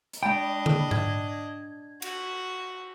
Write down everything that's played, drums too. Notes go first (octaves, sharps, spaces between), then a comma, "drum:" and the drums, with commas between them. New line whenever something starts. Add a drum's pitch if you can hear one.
drum: hi-hat
G#3 D4 D#5 G5 B5
drum: tom D3
G#6, drum: tom G#2
F#4, drum: cymbal